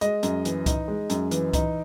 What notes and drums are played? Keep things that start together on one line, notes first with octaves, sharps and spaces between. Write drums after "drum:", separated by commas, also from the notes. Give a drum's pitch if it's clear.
G#3 D#5, drum: hi-hat
F#2, drum: hi-hat
E3, drum: hi-hat
D#4, drum: kick C2, hi-hat
G#3
F#2, drum: hi-hat
E3, drum: hi-hat
D#4, drum: kick C2, hi-hat